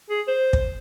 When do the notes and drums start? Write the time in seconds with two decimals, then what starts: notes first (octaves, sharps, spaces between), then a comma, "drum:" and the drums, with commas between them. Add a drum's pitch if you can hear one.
0.10 G#4
0.28 C5
0.53 drum: kick